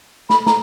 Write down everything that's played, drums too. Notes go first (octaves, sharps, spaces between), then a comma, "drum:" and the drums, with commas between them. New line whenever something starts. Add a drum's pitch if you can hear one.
B5, drum: snare
A#5, drum: snare